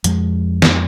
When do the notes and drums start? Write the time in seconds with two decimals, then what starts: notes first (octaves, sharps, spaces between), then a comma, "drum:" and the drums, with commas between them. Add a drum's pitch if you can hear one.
0.04 F2 F3 G#3, drum: hi-hat
0.62 drum: snare